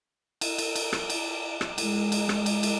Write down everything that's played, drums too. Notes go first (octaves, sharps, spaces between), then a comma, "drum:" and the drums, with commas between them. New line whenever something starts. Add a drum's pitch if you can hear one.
drum: cymbal
drum: cymbal
drum: cymbal
drum: rim click
drum: cymbal
drum: rim click
G#3, drum: cymbal
drum: cymbal
drum: rim click
drum: cymbal
drum: cymbal